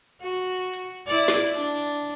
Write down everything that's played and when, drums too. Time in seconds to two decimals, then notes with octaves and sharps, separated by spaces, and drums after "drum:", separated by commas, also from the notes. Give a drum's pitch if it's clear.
0.22 F#4
0.74 drum: hi-hat
1.07 E4 D5
1.28 drum: snare
1.55 D4, drum: hi-hat
1.83 drum: open hi-hat